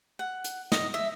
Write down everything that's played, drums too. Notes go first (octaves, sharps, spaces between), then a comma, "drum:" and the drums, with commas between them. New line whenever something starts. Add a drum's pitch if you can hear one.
F#5
drum: hi-hat
D#5, drum: snare
E5